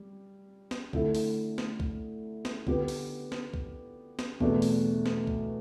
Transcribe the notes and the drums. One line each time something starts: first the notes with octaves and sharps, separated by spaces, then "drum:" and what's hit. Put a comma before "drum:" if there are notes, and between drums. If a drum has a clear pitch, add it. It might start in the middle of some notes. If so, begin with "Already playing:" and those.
Already playing: G3
drum: snare
D3 A3 E4 A4, drum: kick
drum: open hi-hat
drum: snare
drum: kick
drum: snare
D3 B3 G4 B4, drum: kick
drum: open hi-hat
drum: snare
drum: kick
drum: snare
E2 B2 A3 D4, drum: kick
drum: open hi-hat
drum: snare
drum: kick